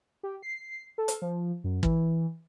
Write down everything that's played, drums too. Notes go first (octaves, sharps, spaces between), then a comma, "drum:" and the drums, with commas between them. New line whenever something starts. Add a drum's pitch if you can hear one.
G4
C7
A4
drum: hi-hat
F3
F#2
E3, drum: kick